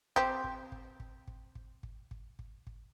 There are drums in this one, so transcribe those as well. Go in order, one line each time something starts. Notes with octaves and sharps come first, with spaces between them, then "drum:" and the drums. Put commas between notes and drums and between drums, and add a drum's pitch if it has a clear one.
C4 G4, drum: kick
drum: kick
drum: kick
drum: kick
drum: kick
drum: kick
drum: kick
drum: kick
drum: kick
drum: kick